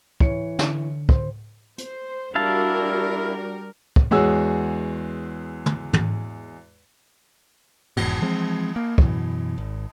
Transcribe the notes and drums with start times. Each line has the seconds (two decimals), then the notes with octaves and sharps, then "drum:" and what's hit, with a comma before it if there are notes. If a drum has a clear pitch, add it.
0.20 E3 C#5 C#7, drum: kick
0.59 D3, drum: snare
1.09 C5, drum: kick
1.78 C5, drum: hi-hat
2.35 G3 D4 E4 F#4 A#4 F5 A5
3.96 drum: kick
4.11 E2 G#3 F#4 G#4 C#5 E6
5.66 drum: tom
5.93 drum: tom
7.97 F1 E2 G#2 B2, drum: cymbal
8.21 E3 F3 G#3 C4
8.76 A#3
8.98 F#2 B2 E3, drum: kick
9.58 G#1